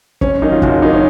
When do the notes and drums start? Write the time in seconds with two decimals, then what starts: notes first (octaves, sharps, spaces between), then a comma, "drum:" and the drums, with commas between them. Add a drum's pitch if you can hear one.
0.21 F#1 C#4, drum: kick
0.42 F#2 D#3 D#4
0.52 F4
0.62 F#1 F#4, drum: kick
0.72 F4
0.82 F#2 D#3 D#4
0.93 C#4